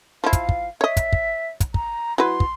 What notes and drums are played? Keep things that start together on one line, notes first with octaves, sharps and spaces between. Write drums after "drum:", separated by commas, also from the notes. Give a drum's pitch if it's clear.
F3 E4 F5
drum: kick, hi-hat
drum: kick
C#5 D#5 E5
drum: kick, hi-hat
drum: kick
drum: kick, hi-hat
A#5, drum: kick
F#3 E4 B4 C6
drum: kick